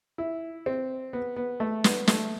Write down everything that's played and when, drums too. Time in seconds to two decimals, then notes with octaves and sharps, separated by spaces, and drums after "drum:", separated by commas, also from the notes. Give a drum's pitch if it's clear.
0.18 E4
0.66 C4
1.13 B3
1.36 B3
1.60 A3
1.84 B3, drum: snare
2.07 A3, drum: snare